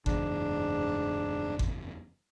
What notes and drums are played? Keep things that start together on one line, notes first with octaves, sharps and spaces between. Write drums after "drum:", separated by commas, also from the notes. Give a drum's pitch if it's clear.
F#1 E2 G#2 D4, drum: kick G1
drum: kick G1